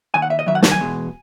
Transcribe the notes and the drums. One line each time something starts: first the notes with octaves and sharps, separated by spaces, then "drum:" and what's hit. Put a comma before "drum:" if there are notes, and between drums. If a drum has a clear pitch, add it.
D#2 D#3 G#5
F#5
E5
D#5
D#2 D#3 F#3 E5
F#5
A5, drum: snare
G#5
E2 B2 G#3